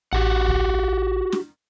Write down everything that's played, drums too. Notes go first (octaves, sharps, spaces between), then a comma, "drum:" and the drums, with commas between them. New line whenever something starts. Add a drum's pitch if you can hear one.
A1 F#4 G4 F#5
drum: kick C#2
drum: snare